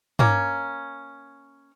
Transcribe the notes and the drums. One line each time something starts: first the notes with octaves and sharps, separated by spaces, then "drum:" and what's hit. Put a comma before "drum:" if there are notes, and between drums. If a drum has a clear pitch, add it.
A#3 C#4, drum: tom